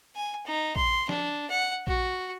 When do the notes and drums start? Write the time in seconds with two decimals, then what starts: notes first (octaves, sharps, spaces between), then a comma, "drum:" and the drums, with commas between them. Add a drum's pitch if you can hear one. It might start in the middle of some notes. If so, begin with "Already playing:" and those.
0.16 G#5
0.46 D#4
0.76 C6, drum: kick A#1
1.09 D4, drum: snare
1.50 F#5
1.87 F#4, drum: kick A#1